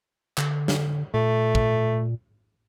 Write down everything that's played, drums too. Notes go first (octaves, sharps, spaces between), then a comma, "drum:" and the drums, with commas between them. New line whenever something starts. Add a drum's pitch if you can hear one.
D3, drum: clap
drum: snare
A#2 A3
drum: kick